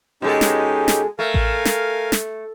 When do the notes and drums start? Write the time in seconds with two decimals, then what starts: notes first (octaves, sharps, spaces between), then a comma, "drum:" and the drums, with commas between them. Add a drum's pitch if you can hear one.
0.22 B2 G#3 C#4 D#4 G4 A4
0.41 drum: snare
0.88 drum: snare
1.19 A3 A#4 F5 G#5
1.34 drum: kick A1
1.65 drum: snare
2.12 drum: snare